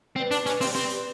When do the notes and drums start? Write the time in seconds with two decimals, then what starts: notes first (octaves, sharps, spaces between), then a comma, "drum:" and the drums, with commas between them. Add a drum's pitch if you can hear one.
0.16 C4 G4 B4 D5
0.31 D4, drum: hi-hat
0.46 C#4, drum: hi-hat
0.61 C4, drum: open hi-hat
0.75 C4, drum: hi-hat
0.89 drum: hi-hat